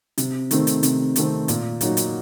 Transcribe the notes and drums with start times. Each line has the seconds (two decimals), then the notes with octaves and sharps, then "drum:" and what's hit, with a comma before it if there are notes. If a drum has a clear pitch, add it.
0.18 C3, drum: hi-hat
0.51 D#3 A3 C4, drum: hi-hat
0.67 drum: hi-hat
0.83 C3, drum: hi-hat
1.16 D#3 A3 C4, drum: hi-hat
1.48 A#2, drum: hi-hat
1.81 F#3 A#3 D#4 F#4, drum: hi-hat
1.97 drum: hi-hat